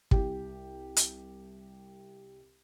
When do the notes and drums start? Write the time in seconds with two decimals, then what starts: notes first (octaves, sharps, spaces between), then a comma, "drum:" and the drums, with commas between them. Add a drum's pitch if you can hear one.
0.11 C2 G4, drum: kick
0.96 drum: hi-hat